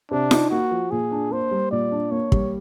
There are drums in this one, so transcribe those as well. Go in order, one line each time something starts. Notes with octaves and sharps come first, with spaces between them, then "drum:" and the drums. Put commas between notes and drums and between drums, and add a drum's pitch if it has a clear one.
C3 D4
D#4, drum: snare F4
A#3 F#4
F3
A#2 G#4
D4
A#3 C5
G3
A#2 D5
D4
A#3 C#5
G3, drum: kick